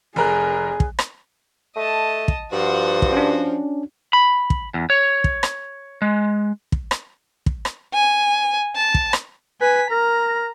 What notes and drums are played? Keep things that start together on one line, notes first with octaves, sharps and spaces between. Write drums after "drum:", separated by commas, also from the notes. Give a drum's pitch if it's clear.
F1 G#4 A#4 F#6
drum: kick
drum: rim click
A3 D#5 A5
drum: kick
G2 F3 F#4 F#5
drum: kick
C#4 D4
B5
drum: kick
E2
C#5
drum: kick
drum: rim click
G#3
drum: kick
drum: rim click
drum: kick
drum: rim click
G#5
A5
drum: kick
drum: rim click
B4 G#5 B6
A#4 A#5